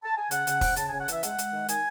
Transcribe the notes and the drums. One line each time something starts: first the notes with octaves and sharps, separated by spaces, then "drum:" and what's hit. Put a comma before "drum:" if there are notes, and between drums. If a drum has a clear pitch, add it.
A5
G#5
C#3 F#5, drum: hi-hat
C#3, drum: hi-hat
C4, drum: kick, open hi-hat
C#3 A5, drum: hi-hat
C#3 G#5
F#5
E3 E5, drum: hi-hat
G#3 F#5, drum: hi-hat
G#3, drum: hi-hat
D#3
D#3 G#5, drum: hi-hat